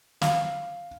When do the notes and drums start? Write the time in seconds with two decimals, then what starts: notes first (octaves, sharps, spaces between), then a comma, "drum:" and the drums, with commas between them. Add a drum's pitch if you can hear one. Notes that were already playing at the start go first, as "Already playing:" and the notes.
0.22 F5, drum: snare